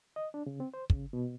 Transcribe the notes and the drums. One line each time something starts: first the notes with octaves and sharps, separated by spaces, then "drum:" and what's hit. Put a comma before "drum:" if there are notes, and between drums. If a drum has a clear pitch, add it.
D#5
D4
C#3
C4
C5
C#3, drum: kick
B2